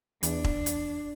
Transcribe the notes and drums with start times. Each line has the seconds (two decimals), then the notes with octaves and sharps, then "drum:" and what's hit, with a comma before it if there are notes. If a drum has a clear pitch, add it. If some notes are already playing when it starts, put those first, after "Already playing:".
0.23 E2 D4, drum: hi-hat
0.44 drum: kick E1
0.66 drum: hi-hat